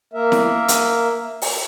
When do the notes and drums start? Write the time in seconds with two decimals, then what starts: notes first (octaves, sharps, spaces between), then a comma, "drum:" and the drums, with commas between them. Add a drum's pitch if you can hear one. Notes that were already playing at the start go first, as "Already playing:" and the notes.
0.13 A#3 A#4 E5
0.32 drum: snare E4
0.68 drum: hi-hat
1.42 drum: open hi-hat